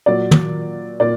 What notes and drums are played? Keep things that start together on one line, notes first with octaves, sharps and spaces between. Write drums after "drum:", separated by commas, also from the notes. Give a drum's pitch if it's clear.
A#2 F#3 D5
drum: tom
A#2 D5